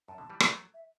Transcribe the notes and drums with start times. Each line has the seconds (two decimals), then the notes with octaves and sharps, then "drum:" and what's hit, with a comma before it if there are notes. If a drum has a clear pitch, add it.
0.08 F#2 A5
0.18 B2 D3
0.30 E3 G3
0.40 F#3 A3, drum: rim click
0.74 E5